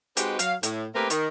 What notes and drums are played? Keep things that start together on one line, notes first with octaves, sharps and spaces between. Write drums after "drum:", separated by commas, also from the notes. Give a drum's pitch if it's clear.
G#3 C4 D#4 F#4 G4 B4, drum: hi-hat
F#3 F5, drum: hi-hat
A2, drum: hi-hat
A3 A#3 C4 G4 A#4 B4
D#3, drum: hi-hat